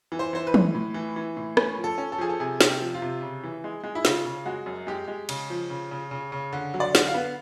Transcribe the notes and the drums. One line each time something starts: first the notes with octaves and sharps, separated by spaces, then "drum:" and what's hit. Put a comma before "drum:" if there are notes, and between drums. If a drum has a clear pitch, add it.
E3
C5
E3 C5
B4
A2, drum: tom
A2
E3
E3
A2
C#4 B4, drum: rim click
F3
A4
C#4
A4
F3 G#4
A4
C3 G#4
C3, drum: snare
G4
F3
F4
C3
C#3
E3
G#3
G#3
E4
C#3 F4, drum: snare
C#3
G#3 F#4
F#2
G#3 G4
G#3
C#3, drum: cymbal
F3
C#3
C#3
C#3
C#3
D3
F#3
D5
D3, drum: snare
F5
B3